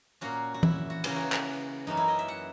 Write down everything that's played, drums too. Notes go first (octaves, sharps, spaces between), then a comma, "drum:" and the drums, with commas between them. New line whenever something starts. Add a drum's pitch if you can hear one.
A#2 A#3 C#4 F#4
F#4
E4, drum: tom E3
F#4
C#3 E3 A#3 C#4 G#4, drum: cymbal
F#4
drum: clap
F#2 E3 A#3 C#4 D#4
E4
D#5
E5
F#5